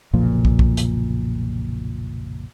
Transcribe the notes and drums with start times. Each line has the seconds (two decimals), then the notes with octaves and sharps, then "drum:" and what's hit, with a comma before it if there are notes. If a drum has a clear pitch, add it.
0.13 F#1 B1 A#2 F3
0.45 drum: kick
0.59 drum: kick
0.77 drum: hi-hat